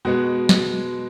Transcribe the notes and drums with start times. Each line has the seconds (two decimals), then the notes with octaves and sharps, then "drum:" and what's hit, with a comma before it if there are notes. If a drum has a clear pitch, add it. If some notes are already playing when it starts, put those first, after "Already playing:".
0.05 B2 G#3 B3 F#4
0.49 drum: snare